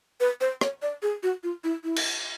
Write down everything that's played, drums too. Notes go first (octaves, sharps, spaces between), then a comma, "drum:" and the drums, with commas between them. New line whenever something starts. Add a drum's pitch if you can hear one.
B4
C5
C#5, drum: rim click
D5
G#4
F#4
F4
E4
E4
drum: cymbal